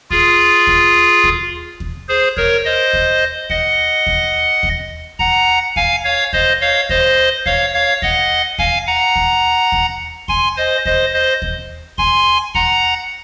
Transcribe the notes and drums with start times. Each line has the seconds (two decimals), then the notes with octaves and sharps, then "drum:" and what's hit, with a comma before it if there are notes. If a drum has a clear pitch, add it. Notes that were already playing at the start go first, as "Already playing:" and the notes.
0.10 F4 G#4, drum: kick D#2
0.67 drum: kick D#2
1.24 drum: kick D#2
1.80 drum: kick D#2
2.09 G#4 C5
2.37 A#4 C#5, drum: kick D#2
2.65 C5 D#5
2.93 drum: kick D#2
3.50 D#5 F#5, drum: kick D#2
4.06 drum: kick D#2
4.63 drum: kick D#2
5.19 F#5 A#5, drum: kick D#2
5.76 F5 G#5, drum: kick D#2
6.04 C#5 F5
6.33 C5 D#5, drum: kick D#2
6.61 C#5 F5
6.89 C5 D#5, drum: kick D#2
7.46 C#5 F5, drum: kick D#2
7.74 C#5 F5
8.02 D#5 F#5, drum: kick D#2
8.58 F5 G#5, drum: kick D#2
8.87 F#5 A#5
9.16 drum: kick D#2
9.72 drum: kick D#2
10.28 G#5 C6, drum: kick D#2
10.56 C5 D#5
10.85 C5 D#5, drum: kick D#2
11.13 C5 D#5
11.42 drum: kick D#2
11.98 G#5 C6, drum: kick D#2
12.55 F#5 A#5, drum: kick D#2